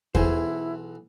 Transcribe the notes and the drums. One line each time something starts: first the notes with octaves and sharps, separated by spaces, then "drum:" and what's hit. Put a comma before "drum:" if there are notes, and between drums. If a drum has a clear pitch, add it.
B1 E3 E4 G#4 C5, drum: kick E2